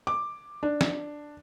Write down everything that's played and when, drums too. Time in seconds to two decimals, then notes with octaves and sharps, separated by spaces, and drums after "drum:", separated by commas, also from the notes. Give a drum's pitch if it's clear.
0.07 D6
0.63 D4
0.81 drum: snare